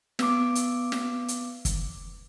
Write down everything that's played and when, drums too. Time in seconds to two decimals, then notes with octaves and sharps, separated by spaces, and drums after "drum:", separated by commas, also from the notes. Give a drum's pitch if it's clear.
0.19 B3 D6, drum: snare
0.55 drum: hi-hat
0.92 drum: snare
1.28 drum: hi-hat
1.65 drum: kick, hi-hat